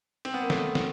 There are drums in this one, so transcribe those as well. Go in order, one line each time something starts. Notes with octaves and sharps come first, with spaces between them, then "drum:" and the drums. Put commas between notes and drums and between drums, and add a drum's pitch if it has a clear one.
C4, drum: cymbal
B3
A#3
A3 B3, drum: snare
drum: snare